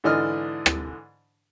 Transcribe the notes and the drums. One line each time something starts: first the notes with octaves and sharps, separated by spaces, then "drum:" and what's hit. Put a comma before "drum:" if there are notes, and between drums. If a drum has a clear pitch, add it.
G#2 D3 E3 D4 D#5 F6
drum: rim click